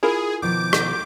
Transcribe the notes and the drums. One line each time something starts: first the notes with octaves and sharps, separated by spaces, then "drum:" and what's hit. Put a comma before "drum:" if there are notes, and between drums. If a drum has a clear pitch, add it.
E4 F4 G#4 A#4
B2 D#3 F3 D6 G6
drum: rim click